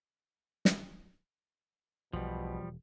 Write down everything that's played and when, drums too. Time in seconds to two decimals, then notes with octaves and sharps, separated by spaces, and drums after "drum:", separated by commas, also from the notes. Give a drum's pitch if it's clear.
0.65 drum: snare
2.13 E1 B1 B2 F3 G3